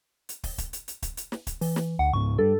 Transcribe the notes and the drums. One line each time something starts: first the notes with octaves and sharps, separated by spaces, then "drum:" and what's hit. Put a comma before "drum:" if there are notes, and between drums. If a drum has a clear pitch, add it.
drum: hi-hat
drum: kick, open hi-hat
drum: kick, hi-hat
drum: hi-hat
drum: hi-hat
drum: kick, hi-hat
drum: hi-hat
drum: snare
drum: kick, hi-hat
E3, drum: open hi-hat
drum: snare
D2 F#5
C#2 G#2 B3 C#6
G2 G3 A4